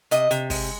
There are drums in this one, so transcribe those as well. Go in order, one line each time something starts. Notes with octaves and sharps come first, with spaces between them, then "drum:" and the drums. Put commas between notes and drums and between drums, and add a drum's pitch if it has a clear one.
C3 D#5, drum: hi-hat
C3, drum: hi-hat
G#3, drum: kick, open hi-hat